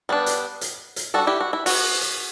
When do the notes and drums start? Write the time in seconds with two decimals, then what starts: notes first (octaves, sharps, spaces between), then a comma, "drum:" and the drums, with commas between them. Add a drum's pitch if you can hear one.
0.09 G3 B3 D4
0.26 drum: hi-hat
0.61 drum: hi-hat
0.96 drum: hi-hat
1.14 G3 D4 F#4 A4
1.27 E4 G4
1.41 F#4
1.53 E4
1.66 F#4, drum: open hi-hat
2.01 drum: hi-hat